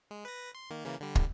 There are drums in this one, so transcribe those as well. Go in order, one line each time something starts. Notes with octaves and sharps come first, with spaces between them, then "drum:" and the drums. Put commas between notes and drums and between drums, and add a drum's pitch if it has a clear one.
G#3
B4 A#6
C6
D#3 A#3
C#3 E3 A#3
D3 G3
drum: kick